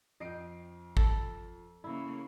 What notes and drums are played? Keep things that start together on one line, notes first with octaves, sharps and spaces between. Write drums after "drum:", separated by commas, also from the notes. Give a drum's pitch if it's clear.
F2 D#5 G5 C7 D7
A4, drum: kick
C#3 A#3 E4